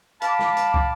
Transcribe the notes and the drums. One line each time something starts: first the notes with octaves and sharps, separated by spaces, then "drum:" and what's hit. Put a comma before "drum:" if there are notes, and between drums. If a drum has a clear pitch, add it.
F5 A5 B5 D6, drum: hi-hat
drum: snare
drum: hi-hat
drum: kick